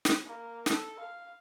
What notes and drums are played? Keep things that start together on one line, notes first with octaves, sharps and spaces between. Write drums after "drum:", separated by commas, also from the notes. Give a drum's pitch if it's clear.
drum: snare
A#3
A4, drum: snare
F5